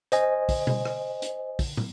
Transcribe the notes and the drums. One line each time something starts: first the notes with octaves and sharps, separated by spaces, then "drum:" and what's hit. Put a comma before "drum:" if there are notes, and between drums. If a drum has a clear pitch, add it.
C5 D#5 G#5, drum: hi-hat
drum: kick, open hi-hat
drum: tom B2
drum: rim click
drum: hi-hat
drum: kick, open hi-hat
drum: tom